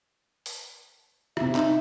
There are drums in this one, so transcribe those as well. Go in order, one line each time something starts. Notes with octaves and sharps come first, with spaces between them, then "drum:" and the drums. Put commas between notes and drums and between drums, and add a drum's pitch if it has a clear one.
drum: open hi-hat
C3 E4 E5, drum: rim click
D#4, drum: clap